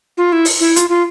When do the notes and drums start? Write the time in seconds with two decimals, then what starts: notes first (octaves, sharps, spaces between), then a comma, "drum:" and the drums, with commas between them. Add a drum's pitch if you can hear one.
0.17 F4
0.33 E4
0.45 drum: open hi-hat
0.61 E4
0.76 F4, drum: hi-hat
0.90 F4